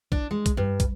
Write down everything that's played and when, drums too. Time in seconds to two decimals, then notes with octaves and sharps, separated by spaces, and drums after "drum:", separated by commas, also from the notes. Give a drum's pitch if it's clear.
0.12 D4, drum: kick
0.31 G#3
0.46 drum: kick, hi-hat
0.57 G2
0.80 drum: kick, hi-hat